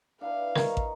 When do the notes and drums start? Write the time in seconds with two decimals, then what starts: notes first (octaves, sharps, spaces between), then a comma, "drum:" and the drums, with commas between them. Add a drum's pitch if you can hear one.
0.21 D4 E4 B4 F5
0.56 A#4 D#5 A#5 C#6, drum: snare
0.77 drum: kick